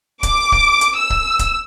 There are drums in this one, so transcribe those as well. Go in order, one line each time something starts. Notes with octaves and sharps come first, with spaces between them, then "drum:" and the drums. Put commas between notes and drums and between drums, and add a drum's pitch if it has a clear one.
D6, drum: kick C#1, hi-hat
drum: kick C#1
drum: hi-hat
E6
drum: kick C#1
drum: kick C#1, hi-hat